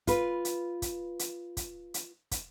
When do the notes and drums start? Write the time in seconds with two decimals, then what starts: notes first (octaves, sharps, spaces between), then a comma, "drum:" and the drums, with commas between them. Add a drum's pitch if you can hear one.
0.07 F4 B4, drum: kick, hi-hat
0.45 drum: hi-hat
0.82 drum: kick, hi-hat
1.19 drum: hi-hat
1.57 drum: kick, hi-hat
1.94 drum: hi-hat
2.31 drum: kick, hi-hat